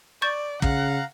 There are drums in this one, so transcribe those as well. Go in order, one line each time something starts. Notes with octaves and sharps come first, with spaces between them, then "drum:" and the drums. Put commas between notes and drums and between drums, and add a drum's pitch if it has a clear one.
D5 C#6 G6 A6
C#3 F5 F#5 A#5, drum: kick